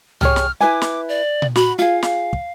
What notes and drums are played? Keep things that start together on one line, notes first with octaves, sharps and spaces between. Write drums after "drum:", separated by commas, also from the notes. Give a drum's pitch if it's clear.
G4 G#4 C#5 F6, drum: tom C2
drum: snare
E4 B4 G#5 D6
drum: snare
D5
drum: tom A#2
F#4 B5, drum: snare
F4 G#4 F5
drum: snare
drum: kick